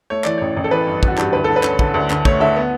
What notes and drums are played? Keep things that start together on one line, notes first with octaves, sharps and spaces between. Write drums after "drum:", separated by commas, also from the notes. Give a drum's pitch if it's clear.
A3 C#5
E3 D5, drum: clap
A1 C#5
A1
A4
E3 B4
G2
A1 F#4, drum: kick
G2 G4, drum: clap
D2 B4
D3 A4
B4
C#4, drum: clap
D3, drum: kick
D2
D2, drum: clap
A3 C#5, drum: kick
D3 E5
B3